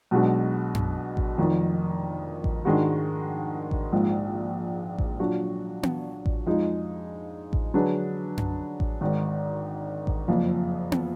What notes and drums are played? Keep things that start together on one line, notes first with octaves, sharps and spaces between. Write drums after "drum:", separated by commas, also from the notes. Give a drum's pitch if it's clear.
B1 B2 G#3 D4 F#4
drum: tom F#2
drum: kick A1
F1 F2 D#3
drum: kick A1
G#2 D#3 G#3 D4 F#4
drum: kick A1
A#1 G#2 F3
drum: kick A1
A#2 F#3 D4 F#4
drum: tom B3
drum: kick A1
F2 F3 G#3 D#4 G#4
drum: kick A1
D3 F#3 D4 G#4 B4
drum: tom F#2
drum: kick A1
G#1 G#2 D#3
drum: kick A1
F#1 F2 F3
drum: tom B3